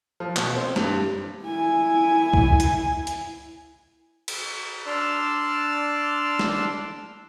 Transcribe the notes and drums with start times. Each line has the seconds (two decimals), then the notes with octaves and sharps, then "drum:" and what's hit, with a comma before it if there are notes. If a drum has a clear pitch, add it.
0.20 F3
0.36 B2, drum: clap
0.57 C4
0.76 G2, drum: snare
1.44 E4 G#5
2.33 drum: kick C#2
2.60 drum: hi-hat
3.07 drum: hi-hat
4.28 drum: cymbal
4.87 D4 D5 A5 C6 E6 F6
6.39 drum: snare